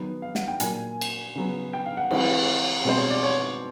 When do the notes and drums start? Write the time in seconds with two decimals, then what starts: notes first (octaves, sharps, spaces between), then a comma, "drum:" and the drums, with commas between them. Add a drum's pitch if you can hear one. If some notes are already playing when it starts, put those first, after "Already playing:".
Already playing: D#3 F#3 B3
0.22 F5
0.35 F#5, drum: snare
0.48 G5
0.60 A#2 F#3 A#3 G#5, drum: hi-hat
1.01 drum: cymbal
1.35 C#3 F#3 B3
1.73 G5
1.86 F5
1.97 F#5
2.11 E3 G#3 C4, drum: cymbal
2.85 B2 G#3 C4 C5
2.98 C#5
3.10 D5
3.23 C#5